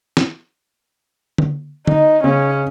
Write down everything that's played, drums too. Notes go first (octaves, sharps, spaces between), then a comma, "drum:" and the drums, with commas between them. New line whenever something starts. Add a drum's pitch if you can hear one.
drum: snare
drum: tom D3
D#4, drum: tom D3
C#3 C#4